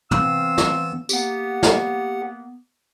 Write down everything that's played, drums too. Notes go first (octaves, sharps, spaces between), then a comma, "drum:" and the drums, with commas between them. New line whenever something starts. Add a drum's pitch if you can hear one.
E3 B3 C4 F5 E6, drum: tom
drum: snare
A#3 B3 G4 F#5, drum: tambourine
drum: snare